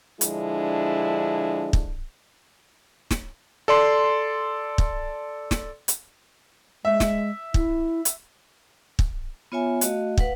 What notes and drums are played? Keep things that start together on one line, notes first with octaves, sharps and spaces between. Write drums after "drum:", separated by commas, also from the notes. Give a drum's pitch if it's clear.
D3 F3 G#3 D4 E4, drum: hi-hat
drum: kick
drum: snare
A4 D5 C6
drum: kick
drum: snare
drum: hi-hat
G#3 E5
drum: snare
E4, drum: kick
drum: hi-hat
drum: kick
B3 F4 C#5 E5 G#5
A3 F#4 D#5 F5, drum: hi-hat
B4 F5 F#5, drum: kick